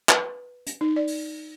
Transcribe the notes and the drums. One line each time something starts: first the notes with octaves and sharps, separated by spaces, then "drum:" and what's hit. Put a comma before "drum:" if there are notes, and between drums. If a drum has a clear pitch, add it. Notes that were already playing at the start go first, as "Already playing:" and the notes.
B4, drum: clap
drum: hi-hat
D#4
D5
drum: open hi-hat